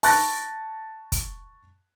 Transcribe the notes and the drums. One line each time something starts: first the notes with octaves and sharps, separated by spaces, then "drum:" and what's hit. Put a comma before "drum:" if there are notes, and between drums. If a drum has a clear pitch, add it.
A5 C#6 F#6 A6 A#6, drum: open hi-hat
drum: kick, hi-hat